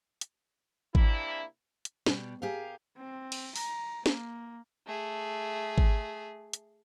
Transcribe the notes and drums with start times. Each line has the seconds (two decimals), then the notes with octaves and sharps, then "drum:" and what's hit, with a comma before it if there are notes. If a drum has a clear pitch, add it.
0.21 drum: hi-hat
0.95 C3 A#3 D4 E4, drum: kick G#1
1.85 drum: hi-hat
2.06 B2 G3, drum: snare
2.42 G4 G#4 A#4 F5
2.97 C4
3.32 drum: cymbal
3.56 A#5, drum: open hi-hat
4.06 A#3, drum: snare
4.87 A3 G#4
5.78 drum: kick G#1
6.53 drum: hi-hat